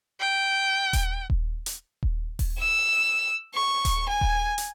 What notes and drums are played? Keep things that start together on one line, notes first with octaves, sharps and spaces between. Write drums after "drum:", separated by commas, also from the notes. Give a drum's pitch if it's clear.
G5
drum: kick D#1, hi-hat
drum: kick D#1
drum: hi-hat
drum: kick D#1
drum: kick D#1, open hi-hat
E6
C#6
drum: kick D#1, hi-hat
G#5
drum: kick D#1
drum: hi-hat